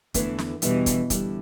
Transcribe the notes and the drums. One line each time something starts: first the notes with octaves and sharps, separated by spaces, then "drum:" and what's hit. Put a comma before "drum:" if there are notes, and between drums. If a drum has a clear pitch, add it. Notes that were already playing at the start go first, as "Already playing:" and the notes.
E2 D3 E3 A3 B3 E4, drum: kick, hi-hat
drum: snare
E2 B2 D3 E3 G3 E4, drum: hi-hat
drum: kick, hi-hat
E2 D3 G3 E4, drum: kick, hi-hat